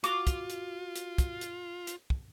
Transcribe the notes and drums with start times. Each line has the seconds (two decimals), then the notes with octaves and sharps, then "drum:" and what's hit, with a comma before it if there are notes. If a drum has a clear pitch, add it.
0.04 F4 F#4 D6, drum: hi-hat
0.27 drum: kick, hi-hat
0.50 drum: hi-hat
0.95 drum: hi-hat
1.18 drum: kick, hi-hat
1.41 drum: hi-hat
1.87 drum: hi-hat
2.10 drum: kick